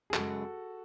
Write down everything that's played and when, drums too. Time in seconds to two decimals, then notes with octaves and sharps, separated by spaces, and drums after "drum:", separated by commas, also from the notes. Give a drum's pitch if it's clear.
0.10 G#4
0.14 F#2 C#3 G#3 F#4 A4, drum: clap